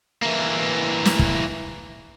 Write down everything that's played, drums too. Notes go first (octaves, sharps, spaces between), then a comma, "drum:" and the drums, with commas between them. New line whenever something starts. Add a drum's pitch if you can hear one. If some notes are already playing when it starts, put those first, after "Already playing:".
E3 A#3
drum: snare
drum: kick